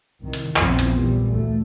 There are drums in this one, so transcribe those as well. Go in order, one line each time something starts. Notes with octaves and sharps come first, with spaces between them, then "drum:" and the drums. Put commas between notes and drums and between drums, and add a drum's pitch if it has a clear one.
C2 D#3
drum: hi-hat
A#1 E2 E3 F3 B3 C4, drum: clap
drum: hi-hat
A#2 E3 G3
D2 A3